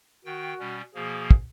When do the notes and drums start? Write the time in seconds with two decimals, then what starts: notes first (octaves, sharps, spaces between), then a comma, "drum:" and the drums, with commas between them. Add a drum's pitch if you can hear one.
0.25 D#3 F#4 G5
0.60 B2 G3 C#4
0.95 B2 F3 A#3 G#4
1.31 drum: kick